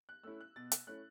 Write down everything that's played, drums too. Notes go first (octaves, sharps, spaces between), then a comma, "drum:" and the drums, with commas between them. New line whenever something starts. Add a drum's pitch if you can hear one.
F#6
A3 C#4 E4 E6
F#6
B2 A6
drum: hi-hat
A3 C#4 E4 F#6